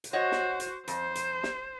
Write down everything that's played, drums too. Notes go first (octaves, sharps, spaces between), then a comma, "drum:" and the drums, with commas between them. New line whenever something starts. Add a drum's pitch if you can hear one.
drum: hi-hat
F#4 C5 C#5 D#5 F#5
drum: snare
drum: hi-hat
F2 C5, drum: hi-hat
drum: hi-hat
drum: snare